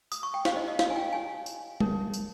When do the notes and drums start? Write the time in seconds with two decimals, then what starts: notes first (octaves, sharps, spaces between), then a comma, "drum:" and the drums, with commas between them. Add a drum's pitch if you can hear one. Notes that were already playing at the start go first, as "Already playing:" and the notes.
0.12 D#6, drum: tambourine
0.23 C#6
0.34 G5
0.45 D#4 G4 C5 F5, drum: snare
0.56 D#5
0.68 D#5
0.79 F5, drum: snare
0.90 G#5
0.96 G5
1.13 D#4 G4 C#5 G#5
1.46 drum: tambourine
1.80 D#4 A#4 C#5, drum: tom G3
2.14 drum: tambourine